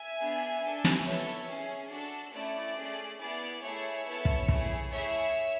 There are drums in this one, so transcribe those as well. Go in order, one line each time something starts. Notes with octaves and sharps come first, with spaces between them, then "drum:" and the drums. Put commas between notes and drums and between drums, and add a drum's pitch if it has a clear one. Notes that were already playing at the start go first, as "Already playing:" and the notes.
Already playing: E5 G#5
B3 D4 G#4
D4 A4
drum: snare
B3 E4 A4 C#5 E5
C#4 G#4
D4 F#4 A4
A3 C#4 E4 D5
A3 C#4 G#4
B3 E4 G#4 D5
A3 E4 G#4 C#5 E5
B3 E4 A4
drum: kick
A3 E4 G#4, drum: kick
A3 E4 G#4 C#5 E5